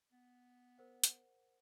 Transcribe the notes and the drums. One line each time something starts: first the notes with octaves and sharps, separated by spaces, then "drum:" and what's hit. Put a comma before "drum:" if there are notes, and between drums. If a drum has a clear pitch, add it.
B3
A#4 C5 F#5
drum: hi-hat